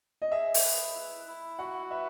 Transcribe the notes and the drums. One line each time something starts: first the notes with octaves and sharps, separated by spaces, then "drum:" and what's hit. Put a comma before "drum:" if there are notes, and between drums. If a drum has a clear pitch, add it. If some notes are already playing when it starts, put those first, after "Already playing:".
D#5
G#4 E5
drum: open hi-hat
B4
E4
E4
F#4 F#5
B4 E5